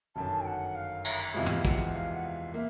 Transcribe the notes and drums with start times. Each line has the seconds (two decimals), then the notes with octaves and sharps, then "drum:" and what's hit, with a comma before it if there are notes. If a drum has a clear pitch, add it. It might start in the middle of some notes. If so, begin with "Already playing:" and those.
0.15 G1 F#2 D#3 A5
0.40 G5
0.45 F#5
0.75 F5
1.04 E5, drum: cymbal
1.34 E2 C3 F3 G#3 F5
1.46 drum: tom
1.65 F#5, drum: kick
1.94 F5
2.13 F#5
2.24 F5
2.54 A#3 E5